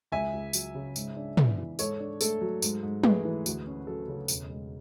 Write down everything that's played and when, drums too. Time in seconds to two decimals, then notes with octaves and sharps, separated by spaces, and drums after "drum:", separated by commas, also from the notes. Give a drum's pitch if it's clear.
0.12 C#2 E5 G#5
0.33 C#2
0.53 F#3, drum: tambourine
0.75 C#3
0.96 G#2, drum: tambourine
1.17 D4
1.37 B3, drum: tom
1.58 E3
1.79 G#2 A4 C#5, drum: tambourine
2.00 D4
2.21 A3 A4, drum: tambourine
2.41 F#3
2.62 G#2, drum: tambourine
2.83 G#2
3.03 A3 G#4 B4, drum: tom
3.25 E3
3.46 D2, drum: tambourine
3.67 C#4
3.87 F#3 A4
4.08 C#3
4.28 E1, drum: tambourine
4.50 G#3